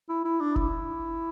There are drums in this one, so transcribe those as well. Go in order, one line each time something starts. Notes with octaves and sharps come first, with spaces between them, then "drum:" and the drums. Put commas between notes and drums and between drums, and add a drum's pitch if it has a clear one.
E4
E4
D4
E4, drum: kick F1